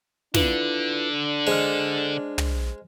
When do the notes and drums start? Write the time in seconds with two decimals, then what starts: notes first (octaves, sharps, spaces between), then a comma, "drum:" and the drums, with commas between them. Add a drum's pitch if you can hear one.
0.34 D3 D4 E4 F4 B4, drum: snare
1.47 G#3 C5 D#5 F6
2.38 drum: tom